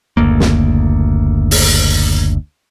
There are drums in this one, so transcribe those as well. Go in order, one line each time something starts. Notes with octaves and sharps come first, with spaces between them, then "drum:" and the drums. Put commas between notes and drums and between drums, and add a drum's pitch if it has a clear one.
F#1 D2 A#3
drum: snare
drum: open hi-hat